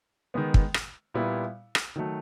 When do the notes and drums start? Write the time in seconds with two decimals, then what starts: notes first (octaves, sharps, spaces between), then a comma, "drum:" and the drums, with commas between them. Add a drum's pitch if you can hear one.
0.34 D#3 G#3 B3
0.54 drum: kick
0.74 drum: rim click
1.14 A#2 G3 B3 E4
1.75 drum: rim click
1.96 D#3 F#3 A3